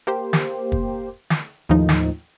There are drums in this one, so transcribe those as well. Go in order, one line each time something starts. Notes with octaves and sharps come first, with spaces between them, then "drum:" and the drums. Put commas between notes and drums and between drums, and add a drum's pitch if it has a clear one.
A#3 G4 C5
drum: snare
drum: kick
drum: snare
D#2 A2 F3 D#4
drum: snare